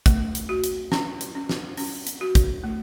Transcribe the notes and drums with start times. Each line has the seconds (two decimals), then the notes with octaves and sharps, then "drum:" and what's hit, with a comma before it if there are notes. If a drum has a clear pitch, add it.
0.06 A3, drum: kick, hi-hat
0.35 drum: hi-hat
0.49 F#4
0.64 drum: hi-hat
0.92 C#4, drum: snare
1.21 drum: hi-hat
1.35 C#4
1.49 drum: snare
1.77 C#4, drum: open hi-hat
2.07 drum: hi-hat
2.21 F#4
2.35 drum: kick, hi-hat
2.64 A3